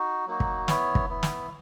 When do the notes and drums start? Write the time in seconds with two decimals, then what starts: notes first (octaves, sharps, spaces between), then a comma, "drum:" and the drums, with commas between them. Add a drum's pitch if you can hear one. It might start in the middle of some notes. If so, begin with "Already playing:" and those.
Already playing: D#4 F#4
0.26 F#3 A#3 D#4 F#4
0.40 drum: kick
0.68 B3 E4 C#5, drum: snare
0.95 drum: kick
1.09 B3 E4
1.23 drum: snare